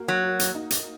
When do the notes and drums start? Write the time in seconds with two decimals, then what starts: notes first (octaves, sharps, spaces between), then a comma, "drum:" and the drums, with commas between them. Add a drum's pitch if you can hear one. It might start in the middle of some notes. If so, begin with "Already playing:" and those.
Already playing: A#3 F#4
0.08 F#3
0.24 F#4
0.39 drum: hi-hat
0.55 D#4
0.71 drum: hi-hat